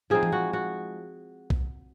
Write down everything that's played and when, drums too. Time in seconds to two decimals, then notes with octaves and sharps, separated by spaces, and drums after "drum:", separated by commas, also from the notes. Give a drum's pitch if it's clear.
0.10 F3 G#3 C4 D#4 G#4
0.23 drum: tom E3
0.32 F#4
0.53 F#4
1.50 drum: kick B1